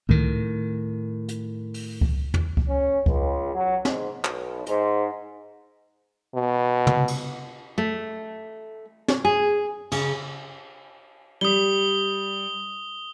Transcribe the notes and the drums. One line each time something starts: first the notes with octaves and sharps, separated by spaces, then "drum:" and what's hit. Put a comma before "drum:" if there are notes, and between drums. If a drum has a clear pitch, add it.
A2 D#3, drum: kick C#2
drum: hi-hat
drum: open hi-hat
drum: kick C#2
drum: tom
drum: kick C#2
C#4
C#2, drum: kick C#2
F#3
G#2, drum: snare
B1, drum: clap
G#2, drum: hi-hat
B2
drum: tom
drum: cymbal
A3
drum: snare
G#4
C#3, drum: cymbal
G3 D#6 G7